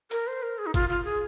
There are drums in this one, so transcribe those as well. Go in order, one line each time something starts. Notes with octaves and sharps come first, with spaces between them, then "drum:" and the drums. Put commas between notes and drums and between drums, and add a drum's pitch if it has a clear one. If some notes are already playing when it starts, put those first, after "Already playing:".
A#4, drum: hi-hat
C5
A#4
G#4
D#4
F4, drum: kick G1, hi-hat
F4
G#4